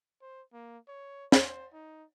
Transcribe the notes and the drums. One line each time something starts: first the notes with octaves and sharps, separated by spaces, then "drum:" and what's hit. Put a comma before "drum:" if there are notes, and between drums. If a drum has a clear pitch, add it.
C5
A#3
C#5
C5, drum: snare
D#4